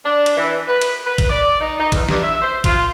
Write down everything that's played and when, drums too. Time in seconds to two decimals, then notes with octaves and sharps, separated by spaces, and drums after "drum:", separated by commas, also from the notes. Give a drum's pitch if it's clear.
0.04 D4
0.26 drum: cymbal
0.36 E3
0.67 B4
0.81 drum: cymbal
1.05 B4
1.18 drum: kick, cymbal
1.29 D5
1.60 D#4
1.78 D#4
1.92 E2, drum: kick, cymbal
2.09 G2, drum: snare
2.22 E5
2.41 C5
2.64 F4, drum: kick, cymbal